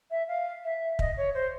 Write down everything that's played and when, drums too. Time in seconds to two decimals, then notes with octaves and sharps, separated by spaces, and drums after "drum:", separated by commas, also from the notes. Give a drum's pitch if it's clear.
0.10 E5
0.27 F5
0.64 E5
0.99 D#5, drum: kick
1.17 C#5
1.34 C5